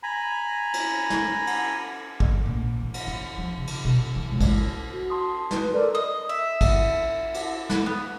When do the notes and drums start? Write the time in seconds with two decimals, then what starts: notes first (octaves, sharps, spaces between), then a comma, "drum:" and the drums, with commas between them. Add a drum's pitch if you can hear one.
0.03 G#5 A#5 B5
0.73 drum: cymbal
1.10 drum: snare
1.47 drum: cymbal
2.20 drum: kick
2.46 A#1
2.80 E3
2.94 drum: cymbal
3.07 E2
3.37 F3
3.57 C#3
3.67 drum: cymbal
3.85 B2
4.15 E3
4.31 C#2
4.41 drum: kick, cymbal
4.92 F#4
5.10 A5 C6 D#6
5.51 B4, drum: snare
5.73 A4 A#4 D5
5.95 D#5
6.29 E5
6.61 drum: kick, cymbal
7.34 drum: cymbal
7.70 B4, drum: snare
7.86 B3